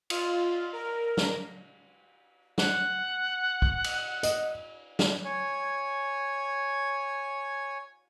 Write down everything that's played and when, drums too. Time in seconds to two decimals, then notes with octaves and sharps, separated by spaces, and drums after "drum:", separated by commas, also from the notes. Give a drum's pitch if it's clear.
0.10 F4, drum: cymbal
0.73 A#4
1.17 drum: snare
2.58 F#5, drum: snare
3.62 drum: kick
3.84 drum: cymbal
4.23 D#5, drum: hi-hat
4.99 drum: snare
5.25 C#5 G#5